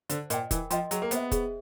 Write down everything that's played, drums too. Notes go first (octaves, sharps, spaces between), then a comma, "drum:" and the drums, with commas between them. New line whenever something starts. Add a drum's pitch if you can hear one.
D3 C5, drum: hi-hat
A#2 D#5 G5, drum: hi-hat
E3 A#4, drum: kick, hi-hat
F3 D#5 G5 C6, drum: hi-hat
F#3 G#4, drum: hi-hat
A#3
B3 C5 E5, drum: hi-hat
G#4, drum: kick, hi-hat